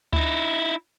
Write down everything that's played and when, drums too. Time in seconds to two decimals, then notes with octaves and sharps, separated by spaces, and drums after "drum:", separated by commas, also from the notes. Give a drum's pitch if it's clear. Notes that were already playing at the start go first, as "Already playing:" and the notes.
0.13 D#4 E4, drum: kick D2